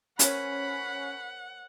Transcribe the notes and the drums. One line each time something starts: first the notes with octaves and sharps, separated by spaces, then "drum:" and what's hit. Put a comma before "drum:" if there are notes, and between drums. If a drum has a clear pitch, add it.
C#4 A#4 C5 C#5 F#5 B5, drum: hi-hat